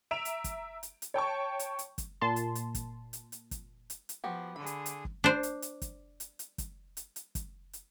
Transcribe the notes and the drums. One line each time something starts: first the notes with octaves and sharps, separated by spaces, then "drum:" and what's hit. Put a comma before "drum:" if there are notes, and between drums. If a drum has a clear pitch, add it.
E5 A#5 D7 E7 F7
drum: hi-hat
drum: kick, hi-hat
drum: hi-hat
drum: hi-hat
C#5 G5 A5 C#6
drum: hi-hat
drum: hi-hat
drum: kick, hi-hat
A#2 A5 C6
drum: hi-hat
drum: hi-hat
drum: kick, hi-hat
drum: hi-hat
drum: hi-hat
drum: kick, hi-hat
drum: hi-hat
drum: hi-hat
F3 B3 F#4 G4
D3 G#4 B5
drum: hi-hat
drum: hi-hat
drum: kick
D4 C5
drum: hi-hat
drum: hi-hat
drum: kick, hi-hat
drum: hi-hat
drum: hi-hat
drum: kick, hi-hat
drum: hi-hat
drum: hi-hat
drum: kick, hi-hat
drum: hi-hat